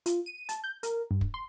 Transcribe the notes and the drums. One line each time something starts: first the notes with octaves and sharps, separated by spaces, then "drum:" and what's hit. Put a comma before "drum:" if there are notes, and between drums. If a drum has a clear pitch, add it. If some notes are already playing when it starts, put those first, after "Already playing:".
F4, drum: hi-hat
D#7
A5, drum: hi-hat
G6
A#4, drum: hi-hat
G2
drum: kick
C6